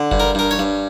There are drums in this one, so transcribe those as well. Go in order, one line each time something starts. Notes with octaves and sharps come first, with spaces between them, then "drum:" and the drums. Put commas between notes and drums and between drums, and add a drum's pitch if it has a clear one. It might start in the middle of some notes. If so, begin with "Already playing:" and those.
Already playing: D3
G2, drum: kick F#1
A#4
G2 A#4
C#5
G2